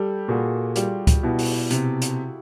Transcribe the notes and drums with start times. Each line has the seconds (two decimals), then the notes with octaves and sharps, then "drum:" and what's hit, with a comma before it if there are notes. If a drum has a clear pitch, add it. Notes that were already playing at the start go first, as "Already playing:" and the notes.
Already playing: G3 G4 A4
0.28 A#2 F#4 G#4
0.76 G3 F4 G4, drum: hi-hat
1.07 drum: kick C#2, hi-hat
1.23 B2 E4 F#4
1.39 drum: open hi-hat
1.71 C3, drum: hi-hat
2.02 drum: hi-hat